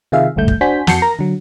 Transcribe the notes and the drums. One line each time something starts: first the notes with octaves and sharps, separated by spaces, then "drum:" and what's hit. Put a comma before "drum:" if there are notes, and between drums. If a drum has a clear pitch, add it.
C3 D#3 F4 G#4 E5 F5
G#1 D2 G2 A3 G6
drum: kick
D4 F#4 C5 G#5 G6 B6
F2 F#4 A5 G6 C7 C#7, drum: snare
A#4 A#5 A#6
D3 F#3